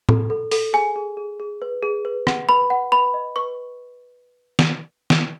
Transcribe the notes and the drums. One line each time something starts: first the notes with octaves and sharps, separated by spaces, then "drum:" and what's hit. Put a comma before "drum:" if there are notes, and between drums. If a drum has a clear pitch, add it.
A4, drum: tom A2
A4
A4, drum: open hi-hat
G#4 G#5
G#4
G#4
G#4
B4
G#4
B4
F#5, drum: rim click
B4 B5
F#5
B4 B5
D#5
B4 C#6
drum: snare
drum: snare